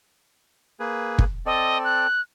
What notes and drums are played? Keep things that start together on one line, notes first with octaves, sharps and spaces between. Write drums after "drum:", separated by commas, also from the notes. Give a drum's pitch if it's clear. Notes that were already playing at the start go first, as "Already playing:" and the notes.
A#3 G#4 B4
drum: kick
C4 A4 D5 D#5
F#6